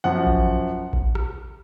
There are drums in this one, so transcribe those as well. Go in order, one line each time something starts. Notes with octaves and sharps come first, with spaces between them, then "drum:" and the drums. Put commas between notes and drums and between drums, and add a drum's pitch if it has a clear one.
F#2 F3 F#5
drum: kick A1
drum: kick A1
drum: rim click